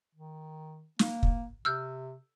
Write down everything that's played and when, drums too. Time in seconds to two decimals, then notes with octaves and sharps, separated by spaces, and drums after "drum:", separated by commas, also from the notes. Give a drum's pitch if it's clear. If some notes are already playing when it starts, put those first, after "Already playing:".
0.15 D#3
0.99 A#3, drum: snare
1.23 drum: kick
1.65 C3 E6 F6 G6